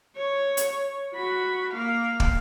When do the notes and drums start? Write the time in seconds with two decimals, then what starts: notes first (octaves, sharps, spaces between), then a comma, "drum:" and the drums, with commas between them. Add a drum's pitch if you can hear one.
0.16 C#5
0.57 drum: hi-hat
1.14 F#4 B5
1.74 A#3 F5
2.20 drum: kick